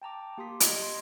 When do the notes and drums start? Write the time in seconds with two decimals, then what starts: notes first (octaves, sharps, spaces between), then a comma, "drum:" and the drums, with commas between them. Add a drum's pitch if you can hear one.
0.02 G5 A5 A#5 D6
0.38 A#3 G4 C6 D#6 B6
0.60 D#5 G#6, drum: hi-hat
0.82 C6